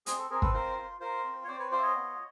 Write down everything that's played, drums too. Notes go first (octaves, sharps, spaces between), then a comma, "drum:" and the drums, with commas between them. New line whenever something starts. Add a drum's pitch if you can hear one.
C4 G#4, drum: hi-hat
A4
C4 G#4 A#4
A4 B4, drum: kick
F4 A#4 C5
F4
F4 A#4 C5
C4
C#5
C4 C5 D5
B4 C#5
F4 C5 D5
E5
C#5 D#5
B3